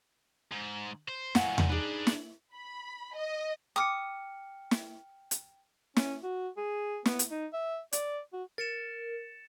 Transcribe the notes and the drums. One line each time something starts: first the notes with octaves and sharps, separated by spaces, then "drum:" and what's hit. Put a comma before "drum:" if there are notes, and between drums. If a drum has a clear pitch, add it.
G#2
C5
A#2 F#3 F5 F#5 G#5, drum: snare
drum: tom E2
D4 D#4 G#4 B4
drum: snare
B5
D#5
G5 D6 D#6 F6 C#7
drum: snare
drum: hi-hat
C#4, drum: snare
F#4
G#4
B3, drum: snare
drum: hi-hat
D#4
E5
D5, drum: hi-hat
F#4
A#4 A6 C#7 E7